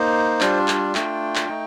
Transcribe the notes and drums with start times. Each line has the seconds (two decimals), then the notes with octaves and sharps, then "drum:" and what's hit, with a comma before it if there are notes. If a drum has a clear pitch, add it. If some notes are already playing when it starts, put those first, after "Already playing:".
Already playing: A#3 D#4 C5
0.41 G3 D4 F4, drum: clap
0.68 drum: clap
0.95 A3 D4 F4 G5, drum: clap
1.36 drum: clap
1.49 A3 D#4